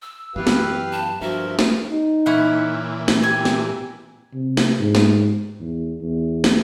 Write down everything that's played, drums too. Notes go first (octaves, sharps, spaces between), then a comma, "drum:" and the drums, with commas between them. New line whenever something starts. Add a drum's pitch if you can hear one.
E6
F#2 E3 B3 G4 B4 F5
drum: snare
A5
G2 F3 F#4 A#4 E5
drum: snare
D#4
A#2 E3 C#4 E4 F#5
drum: snare
G4 G#5
drum: snare
C3
drum: snare
G#2
drum: snare
E2
E2
drum: snare